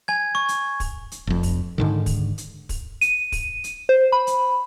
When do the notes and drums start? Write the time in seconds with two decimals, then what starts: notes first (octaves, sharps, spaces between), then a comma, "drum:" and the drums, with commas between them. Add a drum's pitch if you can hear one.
0.08 G#5 G#6
0.35 C#6
0.48 drum: hi-hat
0.80 drum: kick, open hi-hat
1.12 drum: hi-hat
1.27 F1 F2
1.43 drum: kick, open hi-hat
1.78 G#2 D3 D#3
2.06 drum: kick, open hi-hat
2.38 drum: hi-hat
2.69 drum: kick, open hi-hat
3.01 D#7, drum: hi-hat
3.32 drum: kick, open hi-hat
3.64 drum: hi-hat
3.89 C5
4.12 B5
4.27 drum: hi-hat